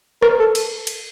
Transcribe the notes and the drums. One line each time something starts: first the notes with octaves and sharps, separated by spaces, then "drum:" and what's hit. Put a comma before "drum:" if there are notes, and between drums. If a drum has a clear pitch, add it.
A#4, drum: rim click
A4
drum: cymbal
drum: cymbal